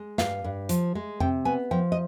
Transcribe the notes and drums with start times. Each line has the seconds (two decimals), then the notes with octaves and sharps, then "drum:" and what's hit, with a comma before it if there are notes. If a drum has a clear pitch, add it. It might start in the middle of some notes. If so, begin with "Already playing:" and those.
Already playing: G#3
0.18 G2 F5, drum: snare
0.44 G2
0.69 F3, drum: hi-hat
0.95 G#3
1.20 C3 G5, drum: tom F2
1.45 B3 G#5
1.71 F3 G5
1.92 D#5